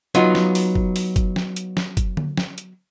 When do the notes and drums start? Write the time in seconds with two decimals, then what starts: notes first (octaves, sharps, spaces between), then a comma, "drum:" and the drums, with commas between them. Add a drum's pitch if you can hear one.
0.15 F#3 B3 D#4 F4, drum: hi-hat
0.35 drum: snare
0.55 drum: open hi-hat
0.75 drum: kick F#1
0.96 drum: open hi-hat
1.16 drum: kick F#1, hi-hat
1.36 drum: snare
1.56 drum: hi-hat
1.77 drum: snare
1.97 drum: kick F#1, hi-hat
2.17 drum: tom D3
2.37 drum: snare
2.58 drum: hi-hat